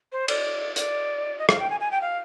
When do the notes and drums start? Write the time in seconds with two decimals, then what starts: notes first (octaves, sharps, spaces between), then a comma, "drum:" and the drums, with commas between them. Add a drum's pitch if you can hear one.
0.12 C5
0.28 D5, drum: cymbal
0.76 D5, drum: hi-hat
1.39 D#5
1.49 F5, drum: rim click
1.60 G5
1.70 G#5
1.80 G#5
1.91 G5
2.01 F5